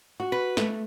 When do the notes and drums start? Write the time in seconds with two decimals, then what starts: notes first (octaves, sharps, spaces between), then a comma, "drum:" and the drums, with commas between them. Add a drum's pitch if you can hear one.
0.20 F#4
0.32 B4
0.57 A3, drum: snare